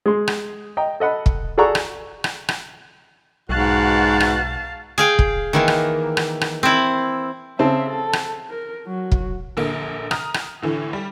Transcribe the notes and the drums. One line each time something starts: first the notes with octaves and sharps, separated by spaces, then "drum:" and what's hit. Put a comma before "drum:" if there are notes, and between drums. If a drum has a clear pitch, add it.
G#3 C6
drum: rim click
D#5 G5 A#5
A4 D#5 F#5 B5
drum: kick
G#4 A4 D5 F#5 A#5 C#6
drum: rim click
drum: rim click
drum: rim click
B1 G#2 B2 F#4 F5 A5 F#6
drum: rim click
G#4 F5 G5
drum: kick
D#3 E3 A#3
drum: rim click
drum: rim click
drum: rim click
C4 E4
C#3 C4 E5 A5
A4
drum: rim click
A#4
F#3 F#4
drum: kick
A#1 D3 A#3
A#5 D#6 F6, drum: rim click
drum: rim click
A2 D3 E3
G3